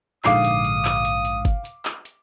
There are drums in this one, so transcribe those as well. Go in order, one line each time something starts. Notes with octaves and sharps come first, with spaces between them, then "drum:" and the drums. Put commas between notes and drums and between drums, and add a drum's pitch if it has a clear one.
A#1 G#2 D3 F5 D6 D#6 C7, drum: clap
drum: hi-hat
drum: hi-hat
drum: clap
drum: hi-hat
drum: hi-hat
drum: kick G1, hi-hat
drum: hi-hat
drum: clap
drum: hi-hat